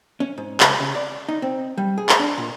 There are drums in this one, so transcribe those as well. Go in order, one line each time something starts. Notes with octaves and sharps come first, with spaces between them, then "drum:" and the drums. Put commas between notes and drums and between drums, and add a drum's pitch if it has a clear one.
C#4
G#2
C#2, drum: clap
C#3
D5
D#4
C4
G3
G#4
drum: clap
D4
A#2